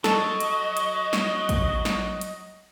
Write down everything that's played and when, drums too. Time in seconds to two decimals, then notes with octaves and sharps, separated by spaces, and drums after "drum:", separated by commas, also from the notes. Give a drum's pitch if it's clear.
0.04 F#3 A4 D#5, drum: snare
0.40 drum: hi-hat
0.77 drum: hi-hat
1.13 drum: snare
1.49 drum: kick, hi-hat
1.85 drum: snare
2.21 drum: hi-hat